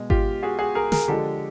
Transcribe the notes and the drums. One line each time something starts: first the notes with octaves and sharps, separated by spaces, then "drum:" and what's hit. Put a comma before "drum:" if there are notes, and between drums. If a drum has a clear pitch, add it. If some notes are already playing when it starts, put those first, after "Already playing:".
Already playing: B2 G#3
F4 G4, drum: kick G#1
F#4 G#4
F#4 G#4
G#4 A#4
G#4 A#4, drum: snare
D3 F3 G#3 G4 A4